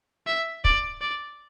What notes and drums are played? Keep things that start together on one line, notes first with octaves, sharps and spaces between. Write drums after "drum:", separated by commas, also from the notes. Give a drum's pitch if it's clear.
E5
D5, drum: kick
D5